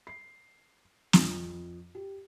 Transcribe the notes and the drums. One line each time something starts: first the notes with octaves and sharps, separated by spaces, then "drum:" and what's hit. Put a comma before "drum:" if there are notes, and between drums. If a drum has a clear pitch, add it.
C7
F2, drum: snare
G4